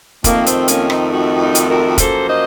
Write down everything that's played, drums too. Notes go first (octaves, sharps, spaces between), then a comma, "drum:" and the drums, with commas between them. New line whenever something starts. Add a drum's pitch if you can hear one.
F2 D#3 A3 A#3, drum: kick, hi-hat
C4, drum: hi-hat
A#3 C#4, drum: hi-hat
C4 D#4, drum: rim click
D#4 F#4
D#4 F#4
drum: hi-hat
F#4 A#4
F#2 F3 A#3 A4 C5, drum: kick, hi-hat
C5 D#5